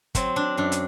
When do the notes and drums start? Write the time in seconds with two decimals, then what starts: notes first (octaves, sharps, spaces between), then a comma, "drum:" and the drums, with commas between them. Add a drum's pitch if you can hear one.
0.15 F#3 C4, drum: kick G1, hi-hat
0.36 D4
0.57 F#2 D4
0.72 drum: hi-hat